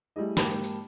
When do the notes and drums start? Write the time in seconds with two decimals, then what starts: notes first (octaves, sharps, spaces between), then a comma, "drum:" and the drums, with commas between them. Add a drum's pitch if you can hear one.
0.16 G3 A3 E4 G#4 D#5
0.37 G#2 A#3 G4 A5 B5 G7, drum: snare
0.50 drum: tambourine
0.64 drum: tambourine